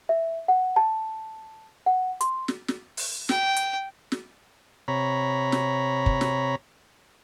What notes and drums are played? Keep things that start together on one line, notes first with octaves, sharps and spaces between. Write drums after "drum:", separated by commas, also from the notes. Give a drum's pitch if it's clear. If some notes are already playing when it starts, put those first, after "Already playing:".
E5
F#5
A5
F#5
C6, drum: hi-hat
drum: snare
drum: snare
drum: open hi-hat
G5, drum: snare
drum: hi-hat
drum: snare
C3 C#5 A#5 B5
drum: snare
drum: kick
drum: snare